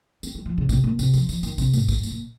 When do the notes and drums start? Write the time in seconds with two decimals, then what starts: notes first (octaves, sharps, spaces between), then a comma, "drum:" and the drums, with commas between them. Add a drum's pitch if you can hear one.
0.23 C4, drum: tambourine
0.35 G3
0.46 F3
0.58 C#3
0.69 C3, drum: kick, tambourine
0.84 A#2
0.99 C3, drum: tambourine
1.14 F3, drum: tambourine
1.29 F3, drum: tambourine
1.43 D#3, drum: tambourine
1.58 C3, drum: kick, tambourine
1.73 G#2, drum: tambourine
1.89 G2, drum: kick, tambourine
2.03 G#2, drum: tambourine
2.10 A#2